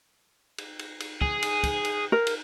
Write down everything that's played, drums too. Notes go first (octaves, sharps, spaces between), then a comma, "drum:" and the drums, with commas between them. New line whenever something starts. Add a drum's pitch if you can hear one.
drum: cymbal
drum: cymbal
drum: cymbal
G#4, drum: kick
drum: cymbal
drum: kick, cymbal
drum: cymbal
A#4
drum: cymbal